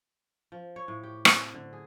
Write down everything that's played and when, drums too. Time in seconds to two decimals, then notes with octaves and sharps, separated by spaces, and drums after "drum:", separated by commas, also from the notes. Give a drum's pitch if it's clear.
0.52 F3
0.76 C#5
0.88 A2
1.03 G4
1.25 C3, drum: rim click
1.54 D3
1.73 G#4